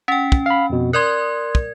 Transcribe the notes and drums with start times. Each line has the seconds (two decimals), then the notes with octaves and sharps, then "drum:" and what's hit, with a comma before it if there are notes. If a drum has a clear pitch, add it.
0.08 C#4 G5 B6
0.32 drum: kick
0.46 F5 B5
0.70 F2 B2
0.93 A#4 D5 C6 D#6 F#6 G#6
1.55 drum: kick